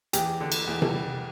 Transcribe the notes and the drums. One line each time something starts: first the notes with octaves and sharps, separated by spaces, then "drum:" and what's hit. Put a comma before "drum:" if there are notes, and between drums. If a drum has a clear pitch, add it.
E2 G4, drum: hi-hat
D3
drum: cymbal
E2
drum: tom C3
G3